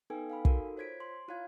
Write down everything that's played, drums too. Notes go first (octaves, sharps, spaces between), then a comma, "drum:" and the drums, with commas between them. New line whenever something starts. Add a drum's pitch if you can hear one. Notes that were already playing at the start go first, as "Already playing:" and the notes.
B3 D#4 A4 B4 G5 G#5
F5 G#5 B5
D#4 F#4 A4 A#4, drum: kick
F4 C5 C#5 G#6 B6 D7
C6
E4 F4 C#5 F5 G#6